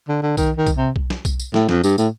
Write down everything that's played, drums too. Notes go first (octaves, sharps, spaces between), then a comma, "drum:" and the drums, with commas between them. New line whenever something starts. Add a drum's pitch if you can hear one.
D3
D3
D#3, drum: kick B1, tambourine
D#3
drum: kick B1, tambourine
C3
drum: kick B1
drum: snare
drum: kick B1, tambourine
drum: tambourine
A2, drum: snare
F2, drum: snare
G2, drum: tambourine
A2, drum: tambourine